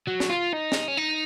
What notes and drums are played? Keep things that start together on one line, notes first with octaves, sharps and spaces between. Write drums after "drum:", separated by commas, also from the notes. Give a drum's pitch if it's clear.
F#3
drum: snare
F4
D#4
drum: snare
C#4
D#4